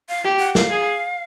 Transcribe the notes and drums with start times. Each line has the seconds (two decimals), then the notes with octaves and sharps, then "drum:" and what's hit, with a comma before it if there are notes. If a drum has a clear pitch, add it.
0.09 F5
0.24 G4
0.39 F#5
0.55 F5, drum: snare
0.71 G#4